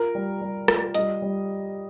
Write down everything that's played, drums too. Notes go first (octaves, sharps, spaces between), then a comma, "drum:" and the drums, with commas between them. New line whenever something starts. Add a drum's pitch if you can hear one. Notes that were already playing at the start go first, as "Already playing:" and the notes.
Already playing: F4 A#4
G3
G3
F4, drum: rim click
G3 D#5, drum: hi-hat
G3